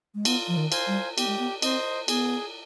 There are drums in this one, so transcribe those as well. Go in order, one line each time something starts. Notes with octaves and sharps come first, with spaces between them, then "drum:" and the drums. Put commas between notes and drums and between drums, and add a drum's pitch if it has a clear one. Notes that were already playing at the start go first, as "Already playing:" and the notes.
G#3
B3 F4, drum: cymbal
F3
D#3
C5 F5 G#5, drum: cymbal
G3
B3 G4, drum: cymbal
G#3
B3
C4 C5 D#5, drum: cymbal
B3 G#4, drum: cymbal